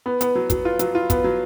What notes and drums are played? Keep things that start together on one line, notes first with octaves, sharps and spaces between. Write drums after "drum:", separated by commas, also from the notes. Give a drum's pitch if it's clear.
B3
B3, drum: hi-hat
F#3
F#3, drum: kick, hi-hat
F4
F#3, drum: hi-hat
F4
B3, drum: kick, hi-hat
F#3